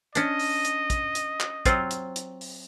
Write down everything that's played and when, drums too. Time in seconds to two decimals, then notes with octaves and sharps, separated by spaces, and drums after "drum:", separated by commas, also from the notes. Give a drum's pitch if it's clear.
0.15 C#4 D4 D#5, drum: hi-hat
0.40 drum: open hi-hat
0.65 drum: hi-hat
0.90 drum: kick, hi-hat
1.15 drum: hi-hat
1.40 drum: clap
1.66 F#3 C4 F4, drum: kick, hi-hat
1.91 drum: hi-hat
2.16 drum: hi-hat
2.41 drum: open hi-hat